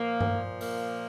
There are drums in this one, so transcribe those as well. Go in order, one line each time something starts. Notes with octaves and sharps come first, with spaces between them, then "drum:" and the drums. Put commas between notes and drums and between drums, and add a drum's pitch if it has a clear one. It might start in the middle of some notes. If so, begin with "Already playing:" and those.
Already playing: A#2 F3 A#3
drum: tom G2
A#3, drum: open hi-hat